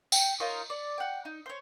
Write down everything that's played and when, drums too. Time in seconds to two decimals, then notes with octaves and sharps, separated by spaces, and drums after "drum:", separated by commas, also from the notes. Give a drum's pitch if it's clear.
0.12 G5, drum: tambourine
0.40 D#4 F4 A#4 C#5
0.70 D5
0.98 F#5 G5
1.25 D#4
1.46 C5 C#5